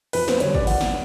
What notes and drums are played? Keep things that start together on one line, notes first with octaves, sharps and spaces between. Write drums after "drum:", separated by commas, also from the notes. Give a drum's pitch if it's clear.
F2 B4, drum: open hi-hat
C5, drum: snare
D3 G3 C#5, drum: hi-hat
D5, drum: kick
F2 F#5, drum: open hi-hat
drum: snare